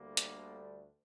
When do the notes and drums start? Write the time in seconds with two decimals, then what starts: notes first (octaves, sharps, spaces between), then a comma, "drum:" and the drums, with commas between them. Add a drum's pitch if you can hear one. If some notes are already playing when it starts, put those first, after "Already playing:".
Already playing: D2 D3 G3 A#3
0.17 drum: hi-hat